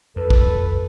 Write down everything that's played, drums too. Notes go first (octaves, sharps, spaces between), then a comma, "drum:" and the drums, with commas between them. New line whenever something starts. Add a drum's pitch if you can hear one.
F2 A4 B4
drum: kick